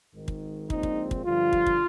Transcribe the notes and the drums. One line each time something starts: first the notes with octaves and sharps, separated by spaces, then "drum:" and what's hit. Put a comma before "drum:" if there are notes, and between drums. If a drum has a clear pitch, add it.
G#1 G#2 D#3
drum: kick
A#1 A#2 G#3 C4 D#4, drum: kick
drum: kick
drum: kick
G2 D3 F3 F4
drum: kick
drum: kick